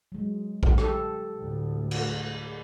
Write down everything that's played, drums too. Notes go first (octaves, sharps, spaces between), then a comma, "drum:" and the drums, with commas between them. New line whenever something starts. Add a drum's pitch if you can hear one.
F#3 G#3
drum: kick A#1
G4 A4, drum: rim click
D2 A2
drum: cymbal